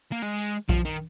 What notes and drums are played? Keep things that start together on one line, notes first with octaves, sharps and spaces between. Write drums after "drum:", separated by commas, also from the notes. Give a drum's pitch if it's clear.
A#3
G#3
drum: tambourine
F3, drum: kick A#1
D#3